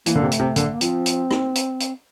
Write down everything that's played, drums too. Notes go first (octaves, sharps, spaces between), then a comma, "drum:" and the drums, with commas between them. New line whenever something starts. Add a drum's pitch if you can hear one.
E3 A#3, drum: hi-hat
D3
C3
A3, drum: hi-hat
C3
D3 A#3, drum: hi-hat
A3
A#3
F3 C4, drum: hi-hat
drum: hi-hat
drum: rim click
drum: hi-hat
drum: hi-hat